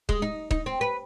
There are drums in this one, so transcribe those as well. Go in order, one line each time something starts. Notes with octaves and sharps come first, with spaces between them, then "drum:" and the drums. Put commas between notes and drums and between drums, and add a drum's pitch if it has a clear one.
G#3, drum: kick
D#4
D#4, drum: kick
C4
B4